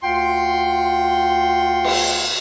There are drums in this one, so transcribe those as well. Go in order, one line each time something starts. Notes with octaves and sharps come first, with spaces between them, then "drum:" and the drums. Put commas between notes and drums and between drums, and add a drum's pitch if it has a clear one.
D2 F4 F#5 G5 C6
drum: cymbal